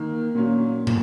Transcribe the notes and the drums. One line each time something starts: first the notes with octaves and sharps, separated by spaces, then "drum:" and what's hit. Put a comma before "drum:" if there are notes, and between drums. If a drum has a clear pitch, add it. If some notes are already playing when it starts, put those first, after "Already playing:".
Already playing: D#3 A#3
A#2 F#3 A#3 C#4
A#2, drum: tom